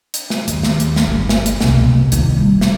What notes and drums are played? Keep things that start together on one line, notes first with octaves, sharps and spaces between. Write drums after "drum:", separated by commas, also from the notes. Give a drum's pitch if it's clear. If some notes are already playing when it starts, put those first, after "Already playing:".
drum: hi-hat
drum: snare
D#2, drum: hi-hat
drum: snare
drum: hi-hat
drum: snare
G1 E4
drum: snare
drum: hi-hat
C2 B2, drum: snare
C3
D#2 E4, drum: hi-hat
E1 G3
drum: snare